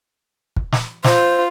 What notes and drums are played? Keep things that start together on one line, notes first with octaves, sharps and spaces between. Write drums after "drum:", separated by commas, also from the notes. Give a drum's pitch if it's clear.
drum: kick
drum: snare
F4 C5, drum: snare